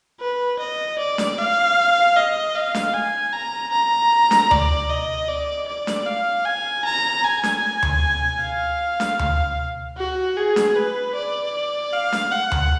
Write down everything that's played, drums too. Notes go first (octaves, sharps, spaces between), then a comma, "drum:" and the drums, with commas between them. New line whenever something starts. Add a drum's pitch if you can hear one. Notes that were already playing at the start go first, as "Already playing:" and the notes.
B4
D#5
D5
drum: snare D4
F5
D#5
F5
drum: snare D4
G#5
A#5
A#5
drum: snare D4
D5, drum: tom D2
D#5
D5
D5
drum: snare D4
F5
G#5
A#5
G#5
drum: snare D4
drum: tom D2
F5
drum: snare D4
drum: tom D2
F#4
G#4
drum: snare D4
B4
D5
F5
drum: snare D4
F#5
drum: tom D2